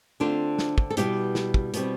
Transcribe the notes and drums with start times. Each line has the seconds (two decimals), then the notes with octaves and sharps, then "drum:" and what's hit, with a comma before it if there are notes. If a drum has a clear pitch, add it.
0.20 D3 A3 C4 D4 F4
0.58 drum: snare
0.78 drum: kick
0.90 A4
0.97 B2 G3 B3 E4 G4, drum: hi-hat
1.35 drum: snare
1.54 drum: kick
1.74 B2 G3 C4, drum: hi-hat